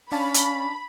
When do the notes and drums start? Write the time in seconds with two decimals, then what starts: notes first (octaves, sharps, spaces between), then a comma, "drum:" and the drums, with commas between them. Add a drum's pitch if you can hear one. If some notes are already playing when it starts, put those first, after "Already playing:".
0.12 C#4 D4 F5 A5 B5
0.34 drum: hi-hat